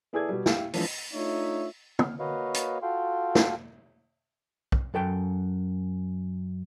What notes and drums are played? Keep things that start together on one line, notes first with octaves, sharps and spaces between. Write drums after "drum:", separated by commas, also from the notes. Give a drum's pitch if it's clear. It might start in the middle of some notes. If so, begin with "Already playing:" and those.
B3 E4 G#4 A4 D5 G#6
B2 G3
E4 G4 F5 G5, drum: snare
E3 F3 G#3 B3 C4 D4, drum: open hi-hat
A3 D4 D#4 F4 C#5 E5
F6, drum: tom
A#3 F#4 B4 C#5 D#5 F5
drum: hi-hat
F4 F#4 A4 F5 G5 C6
drum: snare
drum: kick
F#2 A4 G5